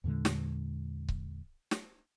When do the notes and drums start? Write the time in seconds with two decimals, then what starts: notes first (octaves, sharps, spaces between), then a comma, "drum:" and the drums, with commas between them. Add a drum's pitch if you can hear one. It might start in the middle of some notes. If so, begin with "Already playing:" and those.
0.04 E2 A#2 D3 G#3
0.25 drum: snare
1.09 drum: kick C#1
1.71 drum: snare